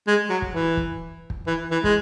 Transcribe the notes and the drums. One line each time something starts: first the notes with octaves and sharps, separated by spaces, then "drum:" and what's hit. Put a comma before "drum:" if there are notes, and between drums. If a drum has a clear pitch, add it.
G#3
F#3
drum: kick
E3
drum: kick
drum: kick
E3
E3
G#3, drum: kick